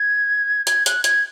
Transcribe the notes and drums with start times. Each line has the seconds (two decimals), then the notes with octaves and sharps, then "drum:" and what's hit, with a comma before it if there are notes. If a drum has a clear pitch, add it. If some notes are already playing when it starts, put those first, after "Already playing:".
Already playing: G#6
0.67 G#6, drum: hi-hat
0.86 F#6, drum: hi-hat
1.04 G#6, drum: hi-hat